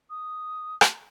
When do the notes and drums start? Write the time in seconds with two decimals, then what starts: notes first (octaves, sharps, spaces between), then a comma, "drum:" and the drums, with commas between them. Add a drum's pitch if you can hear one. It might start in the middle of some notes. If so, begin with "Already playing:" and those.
0.10 D#6
0.81 drum: rim click